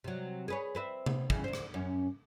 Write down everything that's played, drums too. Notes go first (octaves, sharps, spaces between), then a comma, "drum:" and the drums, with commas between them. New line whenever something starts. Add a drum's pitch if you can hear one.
C3 F#3
G#4 B4 C#5
C4 B4 E5
drum: tom C3
G2 C#3 E3, drum: kick
D2 C5
drum: rim click
F#2 C#4